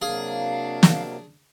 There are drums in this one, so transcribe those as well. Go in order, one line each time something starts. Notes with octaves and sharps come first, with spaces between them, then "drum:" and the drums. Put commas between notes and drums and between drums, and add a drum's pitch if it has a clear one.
C3 F#3 A#3 D4 G#4 F5
drum: snare